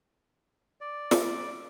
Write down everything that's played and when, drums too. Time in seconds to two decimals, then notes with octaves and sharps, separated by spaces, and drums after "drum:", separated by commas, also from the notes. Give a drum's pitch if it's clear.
0.81 D5
1.11 drum: snare